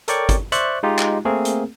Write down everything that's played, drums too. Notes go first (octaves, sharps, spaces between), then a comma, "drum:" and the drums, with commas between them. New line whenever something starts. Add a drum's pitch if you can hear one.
A4 A#4 C#5 D5 G5 C#6, drum: hi-hat
drum: kick G1, hi-hat
C5 D5 E5 C#6 F#6, drum: hi-hat
G#3 D#4 F4 G4
drum: clap
A3 A#3 C4 G#4 A#4
drum: hi-hat